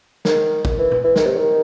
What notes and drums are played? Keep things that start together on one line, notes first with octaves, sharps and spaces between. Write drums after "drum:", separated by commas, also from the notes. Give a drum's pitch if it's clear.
D#3, drum: snare
drum: kick
E3
drum: tom
E3
D#3, drum: snare
C3
D#3